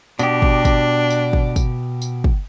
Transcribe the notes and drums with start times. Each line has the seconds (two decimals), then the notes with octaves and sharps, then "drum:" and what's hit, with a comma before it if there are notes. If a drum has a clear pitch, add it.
0.19 B2 D4 G4, drum: tambourine
0.42 drum: kick
0.65 drum: kick, tambourine
1.11 drum: tambourine
1.33 drum: kick
1.56 drum: kick, tambourine
2.02 drum: tambourine
2.24 drum: kick